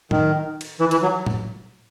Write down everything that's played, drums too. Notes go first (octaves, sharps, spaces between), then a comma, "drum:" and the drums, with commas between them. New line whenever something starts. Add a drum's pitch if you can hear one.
D#3, drum: tom A2
drum: cymbal
E3
E3, drum: hi-hat
F#3
drum: tom A2